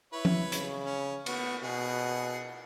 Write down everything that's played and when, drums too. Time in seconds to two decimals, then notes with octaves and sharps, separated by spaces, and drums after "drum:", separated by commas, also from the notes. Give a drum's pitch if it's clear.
0.13 E4 B4 C#5
0.25 drum: tom F3
0.52 C#3, drum: hi-hat
0.86 C#4
1.26 A3 B3 C#6, drum: cymbal
1.63 B2 G#4 F#5